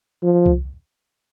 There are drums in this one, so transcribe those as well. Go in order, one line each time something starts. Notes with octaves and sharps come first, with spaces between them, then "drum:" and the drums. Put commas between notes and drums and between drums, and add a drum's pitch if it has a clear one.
F3
drum: kick C2